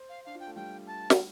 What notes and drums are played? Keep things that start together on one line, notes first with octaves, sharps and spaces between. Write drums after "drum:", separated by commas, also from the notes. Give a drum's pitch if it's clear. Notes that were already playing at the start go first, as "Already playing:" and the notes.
Already playing: C5
F5
D4 F5
F4 G5
A3
G3 G5
A5
drum: snare